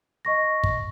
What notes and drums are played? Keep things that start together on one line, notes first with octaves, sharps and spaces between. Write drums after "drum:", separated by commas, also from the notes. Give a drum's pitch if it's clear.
D#5 C#6 A#6
drum: kick